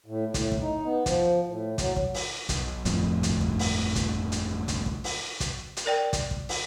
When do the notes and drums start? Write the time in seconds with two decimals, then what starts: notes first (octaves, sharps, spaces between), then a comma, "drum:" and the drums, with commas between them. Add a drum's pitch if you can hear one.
0.06 A2
0.34 A2, drum: kick, hi-hat
0.52 drum: kick
0.61 D#4
0.85 B3
1.06 F3, drum: kick, hi-hat
1.47 A2
1.78 F#3, drum: kick, hi-hat
1.96 drum: kick
2.14 drum: open hi-hat
2.49 B1, drum: kick, hi-hat
2.85 G1 F2 A2 F3, drum: hi-hat
3.23 drum: kick, hi-hat
3.41 drum: kick
3.59 drum: open hi-hat
3.96 drum: kick, hi-hat
4.32 drum: hi-hat
4.68 drum: kick, hi-hat
4.86 drum: kick
5.04 drum: open hi-hat
5.40 drum: kick, hi-hat
5.77 drum: hi-hat
5.86 A#4 D5 G5
6.13 drum: kick, hi-hat
6.31 drum: kick
6.49 drum: open hi-hat